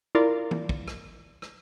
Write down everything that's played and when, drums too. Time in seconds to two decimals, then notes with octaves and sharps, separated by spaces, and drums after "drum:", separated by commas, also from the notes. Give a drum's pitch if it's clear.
0.15 E4 F4 A#4 D5
0.51 drum: tom
0.69 drum: kick
0.88 drum: rim click
1.42 drum: rim click